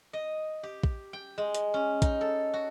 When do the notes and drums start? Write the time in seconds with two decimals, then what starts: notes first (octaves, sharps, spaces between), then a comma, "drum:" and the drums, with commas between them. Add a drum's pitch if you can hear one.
0.13 D#5
0.63 G4
0.84 drum: kick
1.13 G5
1.38 G#3
1.55 drum: hi-hat
1.74 C#4
2.02 D#4, drum: kick, hi-hat
2.21 A4
2.54 F#4